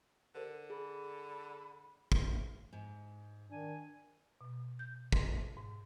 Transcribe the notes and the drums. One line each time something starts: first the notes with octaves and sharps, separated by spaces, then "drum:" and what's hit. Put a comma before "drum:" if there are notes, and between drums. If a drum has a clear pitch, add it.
D3 G4 A#4 C5
G#4 B5
drum: kick
G#2
D#3 D4 G#5
B2
G6
C6, drum: kick
G#2